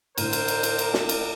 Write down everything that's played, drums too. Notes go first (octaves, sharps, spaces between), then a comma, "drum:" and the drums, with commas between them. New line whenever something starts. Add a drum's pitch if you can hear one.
A1 A2 D3 A#4 C5, drum: cymbal
drum: cymbal
drum: cymbal
drum: cymbal
drum: cymbal
drum: snare
drum: cymbal